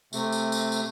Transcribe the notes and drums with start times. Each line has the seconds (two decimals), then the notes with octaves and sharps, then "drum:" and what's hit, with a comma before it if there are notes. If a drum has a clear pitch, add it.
0.13 C3 A3, drum: tambourine
0.32 drum: tambourine
0.52 drum: tambourine
0.72 drum: tambourine